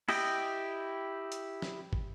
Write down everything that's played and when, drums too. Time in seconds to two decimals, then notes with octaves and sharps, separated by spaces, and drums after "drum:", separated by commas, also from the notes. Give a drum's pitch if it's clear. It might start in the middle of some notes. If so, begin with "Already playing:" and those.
0.09 E4 G4 D#5 G5, drum: cymbal
1.32 drum: hi-hat
1.62 drum: snare
1.93 drum: kick